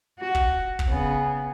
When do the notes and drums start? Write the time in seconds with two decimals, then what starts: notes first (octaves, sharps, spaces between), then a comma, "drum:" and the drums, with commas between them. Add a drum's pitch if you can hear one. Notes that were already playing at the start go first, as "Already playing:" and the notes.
0.20 F#4
0.35 drum: kick
0.79 drum: kick
0.88 C#3 B3